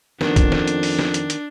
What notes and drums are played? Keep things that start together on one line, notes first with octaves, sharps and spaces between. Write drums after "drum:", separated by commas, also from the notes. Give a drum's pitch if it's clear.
F2 D#3 B3 D4, drum: snare
drum: kick, hi-hat
drum: snare
drum: hi-hat
drum: open hi-hat
drum: snare
drum: hi-hat
drum: hi-hat